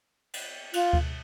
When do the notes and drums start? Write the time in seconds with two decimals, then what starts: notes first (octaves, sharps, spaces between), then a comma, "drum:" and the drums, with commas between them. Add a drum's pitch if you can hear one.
0.33 drum: cymbal
0.73 F4, drum: cymbal
0.93 drum: kick D2